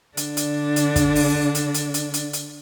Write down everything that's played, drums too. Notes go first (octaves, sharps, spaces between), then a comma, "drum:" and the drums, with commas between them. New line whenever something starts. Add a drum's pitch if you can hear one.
D3 D4, drum: hi-hat
drum: hi-hat
drum: hi-hat
drum: kick, hi-hat
drum: open hi-hat
drum: hi-hat
drum: hi-hat
drum: hi-hat
drum: hi-hat
drum: hi-hat